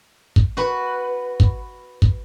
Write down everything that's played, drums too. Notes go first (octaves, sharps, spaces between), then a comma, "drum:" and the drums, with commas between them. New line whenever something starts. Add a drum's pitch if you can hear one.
drum: kick
F#4 B4
drum: kick
drum: kick